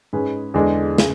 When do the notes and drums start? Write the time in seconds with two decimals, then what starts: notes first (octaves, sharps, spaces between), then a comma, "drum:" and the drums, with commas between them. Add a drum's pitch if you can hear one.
0.13 G#2 G#3 C#4 G#4 B4
0.54 E2 D3 G#3 D4 A4
0.98 C#3, drum: snare